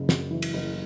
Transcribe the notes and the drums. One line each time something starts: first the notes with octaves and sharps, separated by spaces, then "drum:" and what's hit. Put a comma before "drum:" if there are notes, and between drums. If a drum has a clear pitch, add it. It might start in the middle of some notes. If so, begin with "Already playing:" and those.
Already playing: F#1 C#3
F#2, drum: snare
E3
drum: cymbal
F#1